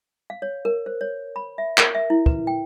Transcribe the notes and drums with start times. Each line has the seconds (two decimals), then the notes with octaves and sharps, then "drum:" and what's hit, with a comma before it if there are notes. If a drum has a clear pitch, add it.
0.30 F5
0.42 C#5
0.65 A#4
0.86 C5
1.01 C#5
1.36 B5
1.58 E5
1.78 A#4, drum: clap
1.95 E5
2.10 E4
2.26 B4, drum: kick
2.47 G5